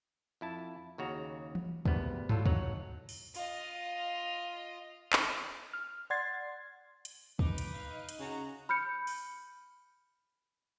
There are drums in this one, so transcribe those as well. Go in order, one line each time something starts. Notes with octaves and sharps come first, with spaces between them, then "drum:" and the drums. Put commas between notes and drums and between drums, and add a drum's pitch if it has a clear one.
F2 E4 A5
D#2 C#3 F#4 A#5
drum: tom E3
G#1 D2 G3 B3, drum: kick
A2 F#3 F4 A4, drum: tom G2
F#3 D#4 C#5 F#5, drum: kick
drum: open hi-hat
F4 D#5, drum: open hi-hat
drum: clap
F6
D5 F#5 C6 G#6 A6 C7
drum: hi-hat
D#4 B4 D6, drum: kick
drum: hi-hat
F5
drum: hi-hat
C#3 F#4 F#5 A#5
B5 F6 G6 C#7
drum: open hi-hat